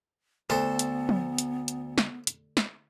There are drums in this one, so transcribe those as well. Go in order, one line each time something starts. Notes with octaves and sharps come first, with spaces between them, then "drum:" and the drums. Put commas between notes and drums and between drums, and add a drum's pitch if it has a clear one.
D2 B3 A4 C5
drum: hi-hat
drum: tom F3
drum: hi-hat
drum: hi-hat
drum: snare
drum: hi-hat
drum: snare